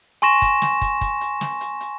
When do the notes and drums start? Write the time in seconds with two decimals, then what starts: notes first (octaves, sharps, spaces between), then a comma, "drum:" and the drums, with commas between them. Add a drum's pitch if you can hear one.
0.22 G#5 C6 C#6 A#6 E7
0.42 drum: kick, hi-hat
0.62 drum: snare
0.82 drum: kick, hi-hat
1.01 drum: kick, hi-hat
1.21 drum: hi-hat
1.41 drum: snare
1.61 drum: hi-hat
1.81 drum: hi-hat